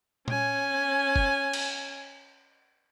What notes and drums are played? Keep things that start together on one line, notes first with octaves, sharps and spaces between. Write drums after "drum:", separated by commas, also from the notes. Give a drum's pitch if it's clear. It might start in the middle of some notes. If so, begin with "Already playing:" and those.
C#4 G#5, drum: tom A#2
drum: kick
drum: cymbal